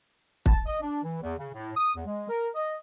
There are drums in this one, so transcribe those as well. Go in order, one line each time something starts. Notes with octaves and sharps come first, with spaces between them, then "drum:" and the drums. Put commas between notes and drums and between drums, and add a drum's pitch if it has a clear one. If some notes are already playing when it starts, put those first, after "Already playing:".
A5, drum: kick
D#5
D4
E3
E2
C#3
A2
D#6
E2
G#3
A#4
D#5